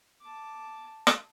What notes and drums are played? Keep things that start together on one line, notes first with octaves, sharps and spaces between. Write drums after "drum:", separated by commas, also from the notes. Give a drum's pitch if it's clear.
A5 D6
drum: rim click